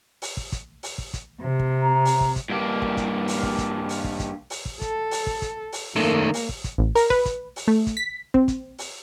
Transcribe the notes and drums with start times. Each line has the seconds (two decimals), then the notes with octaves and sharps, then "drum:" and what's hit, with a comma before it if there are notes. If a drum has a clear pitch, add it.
0.22 drum: open hi-hat
0.37 drum: kick
0.52 drum: kick, hi-hat
0.83 drum: open hi-hat
0.98 drum: kick
1.14 drum: kick, hi-hat
1.41 C3
1.59 drum: kick
1.82 A#5
2.05 drum: open hi-hat
2.21 drum: kick
2.36 drum: kick, hi-hat
2.49 G2 A#3
2.82 drum: kick
2.97 drum: kick, hi-hat
3.28 drum: open hi-hat
3.43 drum: kick
3.58 drum: kick, hi-hat
3.89 drum: open hi-hat
4.04 drum: kick
4.20 drum: kick, hi-hat
4.50 drum: open hi-hat
4.65 drum: kick
4.81 A4, drum: kick, hi-hat
5.11 drum: open hi-hat
5.27 drum: kick
5.42 drum: kick, hi-hat
5.73 drum: open hi-hat
5.96 D#3 A3 A#3
6.34 drum: open hi-hat
6.49 drum: kick
6.64 drum: kick, hi-hat
6.78 A1
6.95 A#4, drum: open hi-hat
7.10 B4, drum: kick
7.26 drum: kick, hi-hat
7.56 drum: open hi-hat
7.68 A3
7.87 drum: kick, hi-hat
7.97 B6
8.34 C4, drum: kick
8.48 drum: kick, hi-hat
8.78 drum: open hi-hat